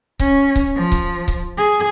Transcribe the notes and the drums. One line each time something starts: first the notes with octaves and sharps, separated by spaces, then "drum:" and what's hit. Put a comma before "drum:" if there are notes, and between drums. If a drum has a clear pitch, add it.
C#4, drum: kick C#1
drum: kick C#1
F3
drum: kick C#1
drum: kick C#1
G#4